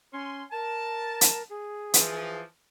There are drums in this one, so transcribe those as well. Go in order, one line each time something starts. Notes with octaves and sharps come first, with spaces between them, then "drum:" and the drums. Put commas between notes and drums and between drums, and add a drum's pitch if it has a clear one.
C#4 C6
A#4 A5
drum: hi-hat
G#4
E3 F3, drum: hi-hat